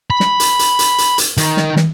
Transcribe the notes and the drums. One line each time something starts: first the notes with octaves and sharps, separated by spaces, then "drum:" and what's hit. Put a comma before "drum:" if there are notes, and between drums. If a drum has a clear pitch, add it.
B5
drum: snare
drum: hi-hat
drum: hi-hat
drum: hi-hat
drum: hi-hat
drum: hi-hat
D#3, drum: hi-hat
drum: snare
drum: snare